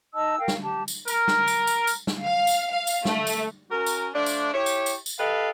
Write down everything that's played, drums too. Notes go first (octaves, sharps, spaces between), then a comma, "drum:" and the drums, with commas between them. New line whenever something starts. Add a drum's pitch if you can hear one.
D#4 D#5 A5 E6
A#4 F5 G5
drum: snare
G4 A5
drum: tambourine
A#4, drum: tambourine
drum: snare
drum: tambourine
drum: tambourine
drum: tambourine
drum: snare
F5
drum: tambourine
F5
drum: tambourine
A3, drum: snare
drum: tambourine
C#4 F#4 A#4
drum: tambourine
F3 A3 D4
drum: tambourine
E4 G4 C#5
drum: tambourine
drum: tambourine
drum: tambourine
G4 A4 B4 D#5 F5